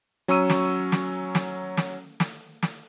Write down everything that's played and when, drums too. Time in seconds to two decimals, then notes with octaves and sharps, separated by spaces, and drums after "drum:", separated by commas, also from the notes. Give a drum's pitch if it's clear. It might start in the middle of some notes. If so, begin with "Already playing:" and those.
0.28 F#3 C#4 A#5 C#6 E6 D#7
0.50 drum: snare
0.92 drum: snare
1.35 drum: snare
1.77 drum: snare
2.20 drum: snare
2.63 drum: snare